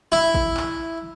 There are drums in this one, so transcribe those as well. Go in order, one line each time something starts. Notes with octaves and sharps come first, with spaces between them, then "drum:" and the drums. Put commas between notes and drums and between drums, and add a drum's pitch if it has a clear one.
E4
drum: kick A1
drum: clap